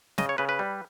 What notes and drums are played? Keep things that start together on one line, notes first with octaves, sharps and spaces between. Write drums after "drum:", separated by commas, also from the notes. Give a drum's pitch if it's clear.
C#3 D#5, drum: snare
C#5
C#3 B4
B4
G3